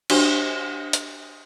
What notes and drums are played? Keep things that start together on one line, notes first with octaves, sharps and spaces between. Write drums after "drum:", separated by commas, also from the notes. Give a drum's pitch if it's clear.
D4 F#4 G4 C5, drum: cymbal
drum: hi-hat